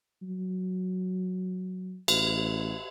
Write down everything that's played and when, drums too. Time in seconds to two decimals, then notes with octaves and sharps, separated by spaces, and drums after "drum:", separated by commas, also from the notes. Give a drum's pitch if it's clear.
0.22 F#3
2.08 A1, drum: cymbal